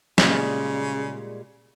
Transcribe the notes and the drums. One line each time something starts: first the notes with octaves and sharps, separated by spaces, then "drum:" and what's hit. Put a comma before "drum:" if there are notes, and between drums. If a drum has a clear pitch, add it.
A#2 C#3 G3 G#3, drum: snare